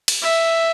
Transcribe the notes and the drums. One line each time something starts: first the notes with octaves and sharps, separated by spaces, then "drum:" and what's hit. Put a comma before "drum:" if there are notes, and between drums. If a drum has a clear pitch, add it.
drum: cymbal
E5